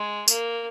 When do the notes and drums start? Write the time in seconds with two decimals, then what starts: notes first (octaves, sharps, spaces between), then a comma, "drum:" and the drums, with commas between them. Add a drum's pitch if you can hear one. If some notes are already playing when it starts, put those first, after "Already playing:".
Already playing: G#3
0.28 A#3, drum: tambourine